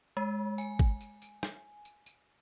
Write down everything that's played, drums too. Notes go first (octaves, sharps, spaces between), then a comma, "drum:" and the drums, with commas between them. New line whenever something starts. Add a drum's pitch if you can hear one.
G#3
G#5, drum: tambourine
drum: kick
drum: tambourine
drum: tambourine
drum: rim click
drum: tambourine
drum: tambourine